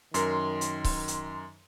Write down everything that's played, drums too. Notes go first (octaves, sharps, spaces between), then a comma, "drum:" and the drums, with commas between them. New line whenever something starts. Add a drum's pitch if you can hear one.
F#2 D#3 A#4 C6, drum: hi-hat
drum: hi-hat
drum: kick C#1, open hi-hat
drum: hi-hat